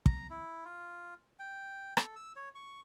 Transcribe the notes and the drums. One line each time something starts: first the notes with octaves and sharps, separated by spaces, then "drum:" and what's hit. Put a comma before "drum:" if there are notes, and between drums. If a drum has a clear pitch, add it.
A#5, drum: kick
E4
F4
G5
A4, drum: rim click
E6
C#5
C#6